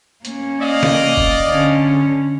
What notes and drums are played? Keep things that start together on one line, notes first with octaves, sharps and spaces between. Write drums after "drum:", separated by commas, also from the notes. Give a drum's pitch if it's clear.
A#3 C#4, drum: hi-hat
D5 D#5 F5
drum: snare
drum: kick
D3 C#4